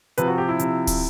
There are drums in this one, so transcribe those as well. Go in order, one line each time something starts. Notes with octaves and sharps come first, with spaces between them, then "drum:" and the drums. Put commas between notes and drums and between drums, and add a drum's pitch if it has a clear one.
C3 F3 B4, drum: hi-hat
F#4
G4
E4
C3 F3, drum: hi-hat
drum: kick, open hi-hat